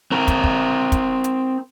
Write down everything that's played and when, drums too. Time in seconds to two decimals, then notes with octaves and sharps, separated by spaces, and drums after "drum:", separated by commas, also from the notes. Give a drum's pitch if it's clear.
0.12 C4 A#4
0.28 drum: kick, hi-hat
0.44 drum: kick
0.92 drum: kick, hi-hat
1.24 drum: hi-hat